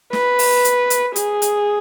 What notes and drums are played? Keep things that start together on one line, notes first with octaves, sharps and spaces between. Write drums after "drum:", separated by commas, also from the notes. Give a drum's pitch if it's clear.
B4, drum: snare
drum: open hi-hat
drum: hi-hat
drum: hi-hat
G#4, drum: hi-hat
drum: hi-hat